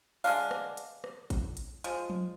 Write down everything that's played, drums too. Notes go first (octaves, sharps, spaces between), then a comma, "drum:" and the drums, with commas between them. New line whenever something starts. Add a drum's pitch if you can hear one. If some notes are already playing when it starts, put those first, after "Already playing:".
D3 G#3 B3 D4 F5, drum: open hi-hat
drum: rim click
drum: hi-hat
drum: rim click
drum: kick G#1, hi-hat
drum: hi-hat
F3 G#3, drum: hi-hat
drum: tom F3